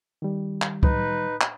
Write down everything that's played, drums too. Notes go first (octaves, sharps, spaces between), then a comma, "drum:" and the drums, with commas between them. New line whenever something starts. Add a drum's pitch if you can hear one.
D#3 G3
drum: clap
D#4 B4, drum: kick C#2
drum: clap